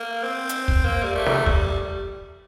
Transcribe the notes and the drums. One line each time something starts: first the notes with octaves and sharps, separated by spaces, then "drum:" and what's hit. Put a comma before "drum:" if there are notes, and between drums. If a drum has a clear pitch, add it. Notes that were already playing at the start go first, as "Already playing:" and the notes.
Already playing: A#3
C4
drum: hi-hat
drum: kick
A#3
G3
A3
drum: snare
G3, drum: kick